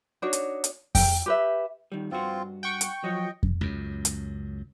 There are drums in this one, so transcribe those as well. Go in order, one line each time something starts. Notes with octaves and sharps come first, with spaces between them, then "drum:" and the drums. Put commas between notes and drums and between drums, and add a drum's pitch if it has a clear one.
D4 D#4 F#4 C#5
drum: hi-hat
drum: hi-hat
G5, drum: kick F2, open hi-hat
G4 B4 E5
D#3 G3
G2 C4 F4 F#4
F#5 G5 C#6
drum: hi-hat
F3 F#3 D#5
drum: kick F2
C#2 F#2
drum: hi-hat